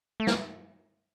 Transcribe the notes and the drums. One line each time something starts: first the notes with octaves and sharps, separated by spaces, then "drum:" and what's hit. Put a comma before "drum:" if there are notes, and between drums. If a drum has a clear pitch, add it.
A3
A#3, drum: snare